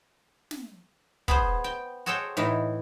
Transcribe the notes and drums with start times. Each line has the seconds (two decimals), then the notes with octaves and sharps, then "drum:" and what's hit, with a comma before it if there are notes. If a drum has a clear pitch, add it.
0.51 drum: snare
1.28 B3 G#4 C5, drum: kick
1.64 G5
2.06 F#4 G#4 A4 C5 C#5 G5
2.37 A2 E3 D#4